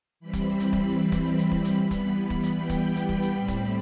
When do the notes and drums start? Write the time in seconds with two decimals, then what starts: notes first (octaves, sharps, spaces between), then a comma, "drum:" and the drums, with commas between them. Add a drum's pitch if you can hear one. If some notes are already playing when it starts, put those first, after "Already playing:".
0.20 E3 G3 C4 B5
0.33 drum: kick, hi-hat
0.60 drum: hi-hat
0.73 drum: kick
0.99 B5
1.12 drum: kick, hi-hat
1.38 drum: hi-hat
1.51 drum: kick
1.65 drum: hi-hat
1.77 E3 G3 B3 B5
1.91 drum: kick, hi-hat
2.30 drum: kick
2.43 drum: hi-hat
2.56 G5
2.69 drum: kick, hi-hat
2.96 B5, drum: hi-hat
3.09 drum: kick
3.22 drum: hi-hat
3.35 A2 G3 C4
3.48 drum: kick, hi-hat